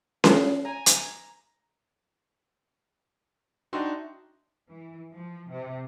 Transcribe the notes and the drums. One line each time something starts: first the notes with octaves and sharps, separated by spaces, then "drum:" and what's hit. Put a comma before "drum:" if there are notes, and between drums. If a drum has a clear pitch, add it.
C6, drum: snare C#4
G#5 A#5
drum: hi-hat
D4 D#4 F#4 C5 E5 G5
E3
F3
C3